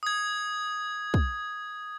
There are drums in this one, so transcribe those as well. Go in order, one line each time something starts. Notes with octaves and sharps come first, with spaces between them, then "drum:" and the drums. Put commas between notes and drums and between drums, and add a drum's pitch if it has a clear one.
D#6 G#6
drum: kick